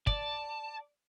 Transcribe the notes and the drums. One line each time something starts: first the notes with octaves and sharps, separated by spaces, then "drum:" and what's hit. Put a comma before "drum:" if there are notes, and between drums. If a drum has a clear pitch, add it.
D5 A5, drum: kick